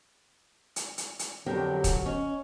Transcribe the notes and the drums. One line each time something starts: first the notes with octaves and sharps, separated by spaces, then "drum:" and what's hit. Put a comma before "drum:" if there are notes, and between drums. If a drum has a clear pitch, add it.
drum: hi-hat
drum: hi-hat
drum: hi-hat
F2 D3 F#3 G4 A#4 G5
drum: kick, hi-hat
C#4 D#5